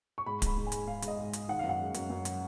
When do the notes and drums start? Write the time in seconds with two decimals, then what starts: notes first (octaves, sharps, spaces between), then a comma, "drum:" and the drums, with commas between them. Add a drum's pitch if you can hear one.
0.18 C#6
0.26 G#2 B5
0.42 G#2 B5, drum: kick D1, hi-hat
0.58 G#2
0.67 G#5
0.72 G#3, drum: hi-hat
0.87 G#2 F5
1.02 G#2, drum: hi-hat
1.08 D#5
1.18 G#2
1.33 G#3, drum: hi-hat
1.48 D#3 F#5
1.59 F#2 F5
1.69 F#5
1.80 G#3
1.94 F#2, drum: hi-hat
2.10 F#2
2.25 drum: hi-hat